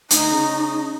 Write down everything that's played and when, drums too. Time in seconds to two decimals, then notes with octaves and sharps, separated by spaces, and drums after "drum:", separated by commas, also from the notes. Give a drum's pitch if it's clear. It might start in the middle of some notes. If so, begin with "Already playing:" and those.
0.10 D2 D#4, drum: hi-hat
0.31 C#3